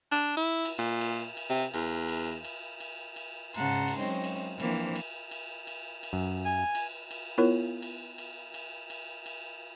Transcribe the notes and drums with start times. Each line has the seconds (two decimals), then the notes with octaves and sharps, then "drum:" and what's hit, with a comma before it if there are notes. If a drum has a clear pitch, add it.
0.12 D4
0.37 E4
0.65 drum: cymbal
0.79 A#2
1.01 drum: cymbal
1.37 drum: cymbal
1.50 C3
1.74 E2, drum: cymbal
2.09 drum: cymbal
2.45 drum: cymbal
2.80 drum: cymbal
3.16 drum: cymbal
3.54 G#2 C#3 F#5 A5 A#5 C6, drum: cymbal
3.88 drum: cymbal
3.99 F#3 G#3 C4 C#4 D#4
4.24 drum: cymbal
4.60 E3 F3 A#3 C4 D4, drum: cymbal
4.96 drum: cymbal
5.31 drum: cymbal
5.67 drum: cymbal
6.03 drum: cymbal
6.13 F#2
6.45 G#5
6.75 drum: cymbal
7.11 drum: cymbal
7.38 B3 E4 F4 A#4 C#5
7.82 drum: cymbal
8.18 drum: cymbal
8.54 drum: cymbal
8.90 drum: cymbal
9.26 drum: cymbal